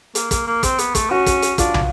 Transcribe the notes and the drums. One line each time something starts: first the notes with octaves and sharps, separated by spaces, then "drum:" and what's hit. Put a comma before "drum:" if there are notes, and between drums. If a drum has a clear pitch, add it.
A#3, drum: hi-hat
A#3, drum: kick, hi-hat
A#3
C4, drum: kick, hi-hat
B3, drum: hi-hat
A3, drum: kick, hi-hat
C#4 F#4
drum: kick, hi-hat
drum: hi-hat
D4 F4, drum: kick, hi-hat
drum: tom